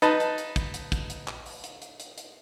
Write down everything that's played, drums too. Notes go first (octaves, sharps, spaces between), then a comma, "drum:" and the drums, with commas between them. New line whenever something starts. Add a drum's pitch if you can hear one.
D#4 B4 A5, drum: hi-hat
drum: hi-hat
drum: hi-hat
drum: kick, hi-hat
drum: hi-hat
drum: kick, hi-hat
drum: hi-hat
drum: clap
drum: open hi-hat
drum: hi-hat
drum: hi-hat
drum: hi-hat
drum: hi-hat